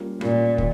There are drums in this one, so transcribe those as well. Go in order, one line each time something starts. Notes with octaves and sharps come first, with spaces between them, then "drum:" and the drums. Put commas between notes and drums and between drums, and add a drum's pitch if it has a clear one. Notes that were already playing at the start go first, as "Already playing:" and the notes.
Already playing: G3 A#3 C#4 F4
A#2 G3 A#3 C#4 F4, drum: rim click
D#3, drum: kick